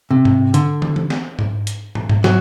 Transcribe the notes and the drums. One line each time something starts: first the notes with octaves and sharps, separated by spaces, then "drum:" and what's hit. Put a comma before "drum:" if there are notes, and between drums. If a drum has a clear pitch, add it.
C3
drum: tom G#2
D3, drum: hi-hat
drum: tom
drum: tom
drum: snare
drum: tom G#2
drum: hi-hat
drum: tom
drum: tom G#2
F#3, drum: snare